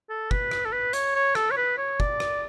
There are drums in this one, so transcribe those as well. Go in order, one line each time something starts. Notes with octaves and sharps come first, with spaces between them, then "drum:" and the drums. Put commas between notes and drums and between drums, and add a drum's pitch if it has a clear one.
A4
B4, drum: kick
drum: rim click
A4
B4
C#5, drum: hi-hat
C#5
A4, drum: rim click
C#5
B4
C#5
D5, drum: kick
drum: rim click